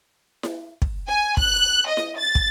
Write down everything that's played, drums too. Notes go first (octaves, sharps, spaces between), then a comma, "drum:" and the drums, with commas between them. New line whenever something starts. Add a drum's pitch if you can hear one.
drum: snare E4
drum: kick
G#5
F#6, drum: kick
D#5
drum: snare E4
A6
drum: kick